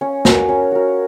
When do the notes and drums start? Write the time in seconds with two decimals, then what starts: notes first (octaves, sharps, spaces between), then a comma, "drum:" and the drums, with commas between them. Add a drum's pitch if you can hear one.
0.01 C#4
0.25 F#4 A#4, drum: snare
0.49 C#4
0.72 F#4 A#4